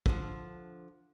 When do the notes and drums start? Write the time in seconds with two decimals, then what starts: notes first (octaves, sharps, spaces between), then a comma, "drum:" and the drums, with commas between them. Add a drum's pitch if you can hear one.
0.06 D3 F3, drum: kick